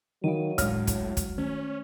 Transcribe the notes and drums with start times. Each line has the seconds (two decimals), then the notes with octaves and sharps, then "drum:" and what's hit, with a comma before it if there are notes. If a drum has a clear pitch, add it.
0.24 D#3 F#3 F5 D#7
0.58 A2 G#3 C#5 F6, drum: kick, hi-hat
0.87 drum: kick, hi-hat
1.17 drum: kick, hi-hat
1.38 D#3 C#4